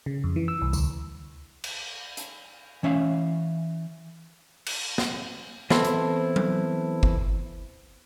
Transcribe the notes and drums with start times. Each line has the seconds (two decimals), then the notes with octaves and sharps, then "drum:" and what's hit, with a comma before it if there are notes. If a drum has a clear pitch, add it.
0.06 C#3
0.24 F2
0.36 E3
0.48 E6
0.62 C2
0.73 D2, drum: tambourine
1.64 drum: cymbal
2.17 drum: hi-hat
2.83 E3 C#4 E5 F5
4.66 drum: cymbal
4.98 drum: snare
5.70 E3 B3 C4 E4 A4 C5, drum: snare
5.84 drum: hi-hat
6.36 drum: tom F#3
7.03 drum: kick G1